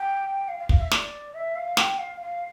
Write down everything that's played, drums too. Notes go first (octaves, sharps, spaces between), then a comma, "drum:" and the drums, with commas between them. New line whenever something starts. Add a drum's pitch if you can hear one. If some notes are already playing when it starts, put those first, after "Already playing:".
Already playing: G5
F5
F5
F5, drum: kick
E5
D5, drum: snare
E5
F5
G5, drum: snare
F5
F5